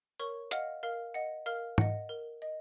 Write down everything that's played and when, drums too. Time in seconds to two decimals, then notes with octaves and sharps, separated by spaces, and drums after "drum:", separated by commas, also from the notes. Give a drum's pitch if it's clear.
0.20 A#4 C#5 C#6
0.51 D#5 F5 F#5 F6, drum: hi-hat
0.83 A#4 F5 F6
1.14 D#5 F#5
1.46 A#4 F5 F6
1.78 D#5 F#5, drum: tom G#2
2.09 A#4
2.42 D#5